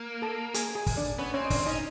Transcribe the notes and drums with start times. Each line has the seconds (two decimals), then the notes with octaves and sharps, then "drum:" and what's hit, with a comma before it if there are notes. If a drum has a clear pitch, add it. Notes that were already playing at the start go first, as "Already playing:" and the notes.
Already playing: A#3
0.22 A4 A5
0.54 G#4 G#5, drum: hi-hat
0.75 G#4 G#5
0.87 drum: kick, open hi-hat
0.97 D4 D5
1.18 B3 C#4 C#5
1.34 C4 C#4 C#5
1.45 D#5
1.50 C4 D4 D5, drum: kick, open hi-hat
1.66 C#4 D#4 D#5